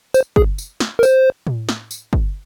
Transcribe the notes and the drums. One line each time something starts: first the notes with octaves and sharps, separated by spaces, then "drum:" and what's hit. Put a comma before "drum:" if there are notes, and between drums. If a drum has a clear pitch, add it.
C5, drum: tambourine
G#4, drum: kick
drum: tambourine
drum: snare
A#4
C5, drum: tambourine
drum: tom A2
drum: snare
drum: tambourine
drum: kick